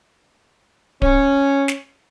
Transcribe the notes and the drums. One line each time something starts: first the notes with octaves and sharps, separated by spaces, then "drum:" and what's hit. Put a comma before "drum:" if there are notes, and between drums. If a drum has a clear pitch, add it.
C#4, drum: kick D1
drum: snare